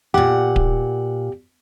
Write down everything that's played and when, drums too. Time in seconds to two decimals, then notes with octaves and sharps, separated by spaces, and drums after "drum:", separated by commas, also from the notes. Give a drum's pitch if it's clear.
0.14 A#2 G4 F#5
0.56 drum: kick D1